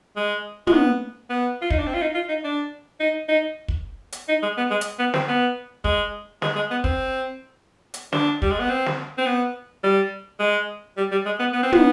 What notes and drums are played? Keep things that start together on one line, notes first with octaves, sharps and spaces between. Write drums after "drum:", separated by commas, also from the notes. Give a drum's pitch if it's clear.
G#3
G#3, drum: tom
B3
B3
F4
D#4, drum: kick
D4
C4
F4
D#4
F4
D#4
D4
D#4
D#4
drum: kick
drum: hi-hat
D#4
G#3
B3
G#3
drum: hi-hat
B3
C4, drum: snare
B3
G#3, drum: kick
G#3, drum: snare
G#3
B3
C4, drum: kick
drum: hi-hat
D4, drum: snare
G3, drum: kick
G#3
B3
C4
drum: snare
C4
B3
G3
G#3
G3
G3
G#3
B3
B3
C4
B3, drum: tom